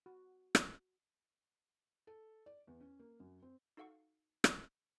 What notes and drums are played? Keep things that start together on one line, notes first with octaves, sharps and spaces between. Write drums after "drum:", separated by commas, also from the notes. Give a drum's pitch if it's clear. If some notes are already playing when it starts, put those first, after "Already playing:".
F#4
drum: rim click
A4
D5
E2
C#4
A#3
F#2
C4
D#4 F#4 A4 F5 F#5 C#6
drum: rim click